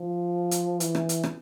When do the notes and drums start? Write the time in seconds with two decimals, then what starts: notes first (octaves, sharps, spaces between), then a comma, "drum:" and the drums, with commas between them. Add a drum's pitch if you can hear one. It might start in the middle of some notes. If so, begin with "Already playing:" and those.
Already playing: F3
0.51 drum: hi-hat
0.80 E3, drum: hi-hat
0.95 drum: rim click
1.09 drum: hi-hat
1.23 drum: rim click